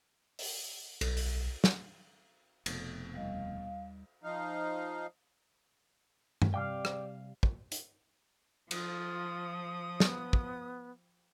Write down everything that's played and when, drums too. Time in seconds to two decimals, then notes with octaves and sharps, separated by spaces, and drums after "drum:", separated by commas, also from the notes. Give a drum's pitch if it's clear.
0.39 drum: open hi-hat
1.01 B1, drum: cymbal
1.17 drum: open hi-hat
1.64 drum: snare
2.66 F1 B2, drum: cymbal
3.15 D#2 G3 D#5 F5
4.24 F3 D#4 F5
6.42 drum: tom G2
6.54 C3 G3 D5 F5 G5 D6 F6
6.85 drum: rim click
7.43 drum: kick
7.72 drum: hi-hat
8.71 F3 F4 D#6, drum: cymbal
10.00 B3, drum: snare
10.33 drum: kick